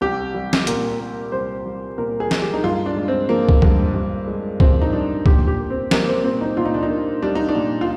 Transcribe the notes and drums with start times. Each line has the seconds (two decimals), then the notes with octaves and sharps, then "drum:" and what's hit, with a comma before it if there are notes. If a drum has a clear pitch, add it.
0.01 C2 G4
0.34 G3
0.53 drum: snare
0.67 A#2 A#4, drum: hi-hat
1.00 A#3
1.32 C2 C5
1.66 G3
1.98 A#2 A#4
2.20 G#4
2.31 A#3, drum: snare
2.42 G4
2.54 D#4
2.64 G2 F4
2.86 D4
2.96 G#3
3.08 C4
3.29 F3 A#3
3.49 drum: kick
3.62 G2, drum: kick
3.94 G2
4.28 G#3
4.60 F3 C4, drum: kick
4.82 D#4
4.93 G2 D4
5.26 A#2 G4, drum: kick
5.47 G4
5.59 A#3
5.70 C4
5.91 G3 A#3, drum: snare
6.08 C4
6.24 A#2 C4
6.41 D#4
6.57 A#2 F4
6.65 D#4
6.74 D4
6.83 D#4
6.90 A#3
7.22 G3 D4
7.35 D#4
7.49 D4
7.55 A#2
7.81 F4